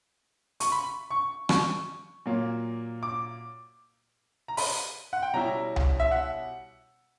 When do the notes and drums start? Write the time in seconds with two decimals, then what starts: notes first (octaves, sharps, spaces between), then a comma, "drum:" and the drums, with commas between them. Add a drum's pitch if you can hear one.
0.60 C#6, drum: hi-hat
0.72 B5
1.11 C#6
1.49 C#6, drum: rim click
2.26 A#2 F#3 A#3
3.03 D6
4.48 A#5
4.57 B5, drum: open hi-hat
5.13 F#5
5.22 G5
5.33 B2 G3 C#4 E4 A#5
5.76 drum: tom C2
6.00 E5
6.11 F#5